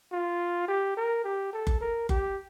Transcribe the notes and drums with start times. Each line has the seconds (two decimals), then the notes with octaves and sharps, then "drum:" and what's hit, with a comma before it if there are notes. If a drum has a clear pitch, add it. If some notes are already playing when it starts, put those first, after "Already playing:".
0.12 F4
0.68 G4
0.97 A#4
1.24 G4
1.53 A4
1.67 drum: kick F#1
1.81 A#4
2.09 G4, drum: kick F#1